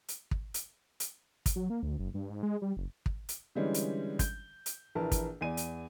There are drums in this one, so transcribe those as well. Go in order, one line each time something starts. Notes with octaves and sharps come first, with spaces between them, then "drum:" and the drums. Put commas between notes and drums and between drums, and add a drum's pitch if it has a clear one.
drum: hi-hat
drum: kick
drum: hi-hat
drum: hi-hat
drum: kick, hi-hat
F#3
A#3
D2
F#1
G2
G#2
G#3
G3
F#1
drum: kick
drum: hi-hat
D3 E3 G3 G#3 C#4
drum: hi-hat
G6, drum: kick, hi-hat
drum: hi-hat
A#1 E3 A#4 B4 A5
drum: kick, hi-hat
E2 D5 G#5 D#7
drum: hi-hat